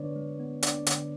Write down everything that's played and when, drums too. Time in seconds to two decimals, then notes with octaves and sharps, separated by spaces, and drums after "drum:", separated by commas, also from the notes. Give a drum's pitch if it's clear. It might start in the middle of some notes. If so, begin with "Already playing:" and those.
Already playing: D3 G#3 B3 D4 B4 C#5 D5
0.16 G#3
0.40 B3
0.63 D4 D5, drum: hi-hat
0.86 D3, drum: hi-hat